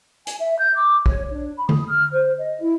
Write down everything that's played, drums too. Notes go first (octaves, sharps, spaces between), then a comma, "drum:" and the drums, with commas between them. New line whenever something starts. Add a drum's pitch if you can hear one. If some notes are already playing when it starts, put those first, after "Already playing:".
G#5, drum: hi-hat
E5
G6
D6
C#5, drum: kick
D4
B5
D#6, drum: tom D3
F6
C5
D#5
E4